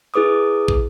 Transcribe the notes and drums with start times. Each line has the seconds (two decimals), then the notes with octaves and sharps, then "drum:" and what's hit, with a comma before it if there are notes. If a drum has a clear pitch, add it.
0.14 E4 G#4 B4 D6 D#6
0.68 drum: kick